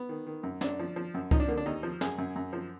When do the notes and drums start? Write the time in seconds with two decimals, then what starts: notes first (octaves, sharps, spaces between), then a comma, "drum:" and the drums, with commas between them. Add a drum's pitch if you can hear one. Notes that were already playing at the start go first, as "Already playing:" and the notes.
Already playing: B3
0.09 D#3
0.27 D#3
0.43 F#2
0.61 F#2 D4, drum: snare
0.79 F3
0.96 F3
1.14 F#2
1.31 F3 D#4, drum: kick C#2
1.40 D4
1.48 D3 A#3
1.57 D4
1.66 D#2 D#4
1.83 F3
2.01 F#2 G#4, drum: snare
2.18 F#2
2.36 F#2
2.53 F3